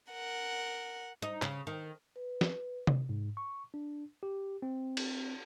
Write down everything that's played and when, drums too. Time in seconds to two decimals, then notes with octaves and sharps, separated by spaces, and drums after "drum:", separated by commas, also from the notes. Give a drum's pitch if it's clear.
0.12 A#4 F#5
1.22 D#4
1.42 C#3, drum: clap
1.67 D#3
2.16 B4
2.41 drum: snare
2.87 drum: tom C3
3.09 G#2
3.37 C#6
3.74 D4
4.23 G4
4.62 C4
4.97 drum: cymbal